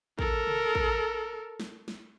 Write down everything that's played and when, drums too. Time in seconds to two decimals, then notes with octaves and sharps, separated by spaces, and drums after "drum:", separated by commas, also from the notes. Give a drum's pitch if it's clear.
0.19 A4 A#4, drum: kick A1
0.47 drum: tom
0.75 drum: kick A1
1.60 drum: snare
1.88 drum: snare